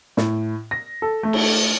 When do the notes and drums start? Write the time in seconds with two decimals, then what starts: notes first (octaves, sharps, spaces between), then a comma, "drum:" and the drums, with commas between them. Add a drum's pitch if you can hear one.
0.17 A2, drum: snare
0.71 A#6
1.02 A4
1.23 A3
1.33 drum: cymbal